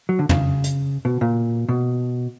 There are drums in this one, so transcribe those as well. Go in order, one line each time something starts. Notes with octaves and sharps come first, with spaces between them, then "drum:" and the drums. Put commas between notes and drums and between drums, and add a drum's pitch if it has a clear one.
F#3
D3
C#3, drum: tom
drum: hi-hat
B2
A#2
B2